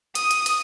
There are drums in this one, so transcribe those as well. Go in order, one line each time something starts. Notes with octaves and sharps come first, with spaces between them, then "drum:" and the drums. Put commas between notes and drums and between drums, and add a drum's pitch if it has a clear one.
D#6, drum: hi-hat
drum: hi-hat
drum: hi-hat